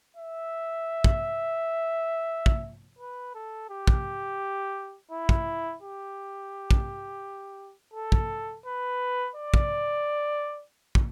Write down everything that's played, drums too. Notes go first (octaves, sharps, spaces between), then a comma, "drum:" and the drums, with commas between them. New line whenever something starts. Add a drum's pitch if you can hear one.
E5
drum: kick
drum: kick
B4
A4
G4
drum: kick
E4
drum: kick
G4
drum: kick
A4
drum: kick
B4
D5
drum: kick
drum: kick